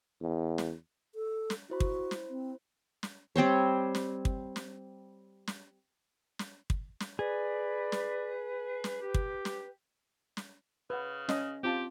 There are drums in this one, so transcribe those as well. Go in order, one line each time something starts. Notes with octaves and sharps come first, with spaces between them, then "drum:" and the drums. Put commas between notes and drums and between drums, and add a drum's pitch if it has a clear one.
E2
drum: snare
A4
drum: snare
E4 F#4 C5 B5
drum: kick
drum: snare
C4
drum: snare
G3 C4 C5 C#5
drum: snare
drum: kick
drum: snare
drum: snare
drum: snare
drum: kick
drum: snare
G#4 B4 D5 B5
drum: snare
drum: snare
G4
drum: kick
drum: snare
drum: snare
C#3 B4 F#5
C#4 D#5, drum: snare
C4 F4 G4 A5